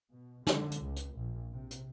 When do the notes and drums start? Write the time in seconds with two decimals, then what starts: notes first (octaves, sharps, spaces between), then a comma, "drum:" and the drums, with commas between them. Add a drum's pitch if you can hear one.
0.12 B2
0.47 D3, drum: snare
0.71 drum: hi-hat
0.81 C#2
0.96 drum: hi-hat
1.16 A#1
1.51 C3
1.71 drum: hi-hat